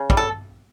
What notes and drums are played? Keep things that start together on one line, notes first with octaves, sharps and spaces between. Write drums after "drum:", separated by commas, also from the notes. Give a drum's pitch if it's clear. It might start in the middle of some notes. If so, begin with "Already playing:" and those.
Already playing: C#3
G3, drum: kick
A4